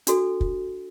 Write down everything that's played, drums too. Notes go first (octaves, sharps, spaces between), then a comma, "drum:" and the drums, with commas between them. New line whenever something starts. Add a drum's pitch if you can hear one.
D4 F#4 A4, drum: hi-hat
drum: kick